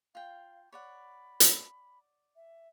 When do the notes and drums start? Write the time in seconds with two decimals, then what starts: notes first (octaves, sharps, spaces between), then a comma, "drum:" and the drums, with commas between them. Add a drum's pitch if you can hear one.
0.15 F4 F5 G5
0.72 C#5 D5 F#5 B5
1.40 drum: hi-hat
2.36 E5